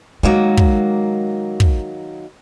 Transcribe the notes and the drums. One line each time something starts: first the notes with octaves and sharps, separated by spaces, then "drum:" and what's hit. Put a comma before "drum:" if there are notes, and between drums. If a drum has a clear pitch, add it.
D#3 F#3 G#3 A#3
drum: kick
drum: kick